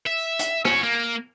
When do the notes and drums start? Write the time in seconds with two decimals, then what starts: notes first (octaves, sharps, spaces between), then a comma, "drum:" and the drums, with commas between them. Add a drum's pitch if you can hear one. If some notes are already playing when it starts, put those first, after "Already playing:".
0.06 E5
0.39 drum: hi-hat
0.65 C#4 F#4, drum: rim click
0.83 A#3